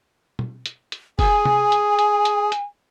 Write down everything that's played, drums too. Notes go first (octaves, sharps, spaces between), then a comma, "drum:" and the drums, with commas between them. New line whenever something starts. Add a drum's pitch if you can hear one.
drum: tom
drum: hi-hat
drum: hi-hat
G#4 G#5, drum: kick, open hi-hat
drum: tom
drum: hi-hat
drum: hi-hat
drum: hi-hat
drum: hi-hat